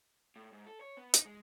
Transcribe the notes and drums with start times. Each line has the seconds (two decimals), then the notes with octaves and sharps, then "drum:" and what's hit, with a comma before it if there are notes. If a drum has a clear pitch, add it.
0.36 A2
0.53 G#2
0.66 A4
0.81 C#5
0.97 B3
1.14 D#4, drum: hi-hat
1.25 G#3